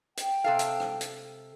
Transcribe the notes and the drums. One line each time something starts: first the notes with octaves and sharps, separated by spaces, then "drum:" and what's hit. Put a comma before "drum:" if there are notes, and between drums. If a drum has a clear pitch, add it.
G5, drum: hi-hat
C3 A4 F5
drum: hi-hat
drum: rim click
drum: hi-hat